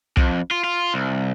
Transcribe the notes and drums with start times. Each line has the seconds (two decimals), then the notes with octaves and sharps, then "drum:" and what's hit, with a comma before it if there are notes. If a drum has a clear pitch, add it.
0.17 F2, drum: kick
0.51 F4
0.64 F4
0.94 C2